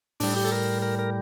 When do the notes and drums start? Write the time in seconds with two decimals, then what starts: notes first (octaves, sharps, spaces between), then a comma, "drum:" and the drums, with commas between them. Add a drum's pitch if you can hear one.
0.20 A2 G3 D4, drum: open hi-hat
0.36 G4
0.45 A4
0.52 A#4
0.82 A#4
0.99 A#4